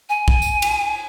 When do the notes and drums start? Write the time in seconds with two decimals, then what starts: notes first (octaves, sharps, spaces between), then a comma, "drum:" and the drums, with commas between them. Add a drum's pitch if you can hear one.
0.09 G#5
0.28 drum: kick
0.42 drum: tambourine
0.62 drum: cymbal